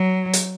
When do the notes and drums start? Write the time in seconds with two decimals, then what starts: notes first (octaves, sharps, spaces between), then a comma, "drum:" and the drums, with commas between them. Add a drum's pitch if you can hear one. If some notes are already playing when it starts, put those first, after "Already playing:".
Already playing: F#3
0.33 drum: hi-hat